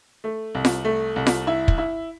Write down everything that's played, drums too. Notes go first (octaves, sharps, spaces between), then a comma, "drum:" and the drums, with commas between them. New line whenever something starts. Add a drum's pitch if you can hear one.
A3
C2
drum: snare F4
A3
C2
drum: snare F4
E4
drum: kick
E4